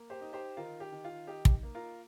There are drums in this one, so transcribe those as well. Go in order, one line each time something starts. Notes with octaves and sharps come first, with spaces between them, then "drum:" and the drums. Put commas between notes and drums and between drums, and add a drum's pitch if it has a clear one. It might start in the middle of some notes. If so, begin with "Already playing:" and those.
Already playing: A#3
G4 C5
D#4
G4 C5
D#3 F4 A#4
G4
D#3
F4
D#4 G4
drum: kick
A#3
F4 A#4